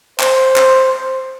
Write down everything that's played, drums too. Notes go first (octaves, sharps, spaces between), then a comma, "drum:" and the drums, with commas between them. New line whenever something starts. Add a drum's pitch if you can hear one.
C5, drum: clap
drum: clap